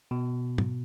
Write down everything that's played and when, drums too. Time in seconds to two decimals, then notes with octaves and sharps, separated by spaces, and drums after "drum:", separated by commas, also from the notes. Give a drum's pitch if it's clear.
0.11 B2
0.58 drum: tom